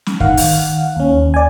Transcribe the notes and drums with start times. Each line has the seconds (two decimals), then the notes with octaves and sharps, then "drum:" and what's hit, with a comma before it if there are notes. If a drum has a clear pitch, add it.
0.06 drum: snare
0.20 D#3 F5 F#5, drum: kick
0.37 drum: open hi-hat
0.96 D#2 C#4
1.34 D5 G#5